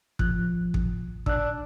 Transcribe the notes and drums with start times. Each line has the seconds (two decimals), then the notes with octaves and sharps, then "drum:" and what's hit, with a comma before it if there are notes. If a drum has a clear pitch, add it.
0.19 F3 F#6, drum: kick
0.74 drum: kick
1.26 D4 E6 F#6, drum: kick